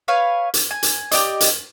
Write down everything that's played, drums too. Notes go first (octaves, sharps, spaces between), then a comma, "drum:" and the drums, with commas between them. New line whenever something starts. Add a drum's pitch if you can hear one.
B4 C#5 F5
drum: hi-hat
G#5
drum: hi-hat
G4 D5 D#5, drum: hi-hat
drum: hi-hat